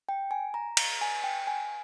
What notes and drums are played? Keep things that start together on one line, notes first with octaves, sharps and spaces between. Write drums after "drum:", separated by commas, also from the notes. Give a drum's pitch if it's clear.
G5
G#5
A#5
A#5, drum: cymbal
G#5
G5
G#5